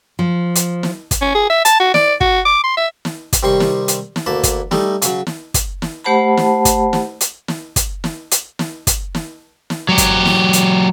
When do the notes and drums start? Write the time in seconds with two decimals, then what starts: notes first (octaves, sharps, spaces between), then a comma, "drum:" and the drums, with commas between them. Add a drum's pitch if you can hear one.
0.19 F3
0.55 drum: hi-hat
0.83 drum: snare
1.11 drum: kick, hi-hat
1.22 C#4
1.35 G#4
1.50 E5
1.65 A5, drum: hi-hat
1.80 F#4
1.94 D5, drum: snare
2.21 F#4, drum: kick
2.45 D6
2.64 C6
2.77 E5
3.05 drum: snare
3.33 drum: kick, hi-hat
3.43 C3 D#3 G3 C6 C#6
3.60 drum: snare
3.88 drum: hi-hat
4.16 drum: snare
4.26 D2 A#3 A5 B5
4.43 drum: kick, hi-hat
4.71 G3 A3 D#4, drum: snare
5.02 C#3 F#3, drum: hi-hat
5.27 drum: snare
5.54 drum: kick, hi-hat
5.82 drum: snare
6.04 A3 G4 C5 F#5 A5 B5
6.37 drum: snare
6.65 drum: kick, hi-hat
6.93 drum: snare
7.21 drum: hi-hat
7.48 drum: snare
7.76 drum: kick, hi-hat
8.04 drum: snare
8.31 drum: hi-hat
8.59 drum: snare
8.87 drum: kick, hi-hat
9.15 drum: snare
9.70 drum: snare
9.89 F#3 G4
9.98 drum: kick, hi-hat
10.25 drum: snare
10.53 drum: hi-hat